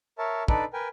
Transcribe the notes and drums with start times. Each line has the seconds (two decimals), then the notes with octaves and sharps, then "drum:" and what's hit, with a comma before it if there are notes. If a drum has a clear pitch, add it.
0.18 A#4 C#5 E5 A5
0.48 D4 D#4 A4 B4 D5, drum: kick
0.73 A#4 B4 G5 G#5